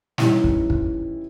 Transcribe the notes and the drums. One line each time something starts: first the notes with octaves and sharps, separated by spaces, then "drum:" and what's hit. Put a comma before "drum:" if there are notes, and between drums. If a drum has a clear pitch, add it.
E3 G3 C#4 D#4 E4, drum: snare
drum: kick
drum: kick